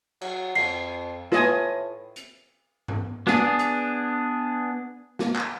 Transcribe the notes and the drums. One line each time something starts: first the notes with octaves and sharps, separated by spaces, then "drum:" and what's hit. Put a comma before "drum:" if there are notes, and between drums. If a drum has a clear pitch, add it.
F#3, drum: cymbal
F2 C7, drum: cymbal
A2 F4 B4 D#5 G#5, drum: snare
drum: hi-hat
drum: tom G2
B3 D4 G#4, drum: snare
drum: hi-hat
drum: snare
drum: clap